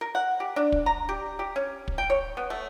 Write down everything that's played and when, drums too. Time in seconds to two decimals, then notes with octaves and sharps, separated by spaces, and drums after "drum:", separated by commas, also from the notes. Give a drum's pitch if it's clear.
0.01 A#4
0.15 F#5
0.40 G4
0.56 D4
0.72 drum: kick
0.86 A#5
1.09 G4
1.39 G4
1.56 C#4
1.88 drum: kick
1.98 G5
2.10 C#5
2.37 B3
2.50 A3